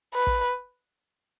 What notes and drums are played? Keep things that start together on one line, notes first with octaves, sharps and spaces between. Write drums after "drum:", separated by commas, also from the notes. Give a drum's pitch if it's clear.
B4
drum: kick